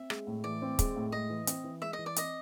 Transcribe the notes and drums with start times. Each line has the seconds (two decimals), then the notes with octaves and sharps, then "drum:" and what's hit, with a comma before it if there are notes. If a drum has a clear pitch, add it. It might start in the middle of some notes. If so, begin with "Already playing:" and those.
Already playing: C4 E5
0.10 G#3, drum: rim click
0.27 A2
0.44 E3 D5
0.62 C4
0.79 G#3, drum: kick, hi-hat
0.96 A2
1.12 G#3 D#5
1.30 E3
1.47 C4, drum: hi-hat
1.64 E3
1.82 G#3 E5
1.93 D#5
1.99 E3
2.06 D5
2.16 C4 D#5, drum: hi-hat